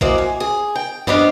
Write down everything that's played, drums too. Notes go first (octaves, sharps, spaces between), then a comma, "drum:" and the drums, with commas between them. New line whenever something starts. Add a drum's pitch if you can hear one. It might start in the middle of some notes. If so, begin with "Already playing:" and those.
E3 F#3 A#3 C5 D5 D#5, drum: kick
G#5
G#4
G5
G3 B3 C#4 D4 C5 D#5, drum: tom F#2